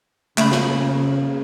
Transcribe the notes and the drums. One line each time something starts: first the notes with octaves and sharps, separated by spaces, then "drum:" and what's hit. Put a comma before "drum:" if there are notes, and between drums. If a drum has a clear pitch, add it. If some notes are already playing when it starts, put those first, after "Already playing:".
C#3 A3 B5, drum: clap
drum: snare